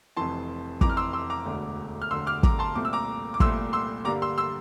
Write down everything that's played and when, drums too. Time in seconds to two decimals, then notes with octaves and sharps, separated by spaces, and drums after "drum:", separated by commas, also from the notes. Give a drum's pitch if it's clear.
0.17 F1 F2 E3 A5 C6
0.81 F1 F2 E3 A#5 D6, drum: kick
0.89 F6
0.97 C6 E6
1.13 C6 E6
1.30 A#5 D6
1.45 E1 D2 D3 A3
2.02 F6
2.11 E1 D2 D3 A3 C6 E6
2.27 D6 F6
2.43 A#5 D6, drum: kick
2.59 A5 C6
2.75 C2 A#2 A3 C4 D6
2.85 E6
2.93 A#5 D6
3.34 D6
3.40 C2 A#2 A3 C4 C6 E6, drum: kick
3.73 C6 E6
4.05 G2 D3 G3 A#3 D4 A#5 D6
4.22 C6 E6
4.38 C6 E6